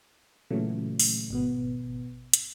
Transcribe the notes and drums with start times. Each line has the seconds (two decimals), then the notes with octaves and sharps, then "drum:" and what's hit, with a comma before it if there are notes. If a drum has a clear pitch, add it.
0.50 A#2 C#3 E3 F#3 A3
1.00 drum: open hi-hat
1.31 G#1 B2 B3
2.33 drum: hi-hat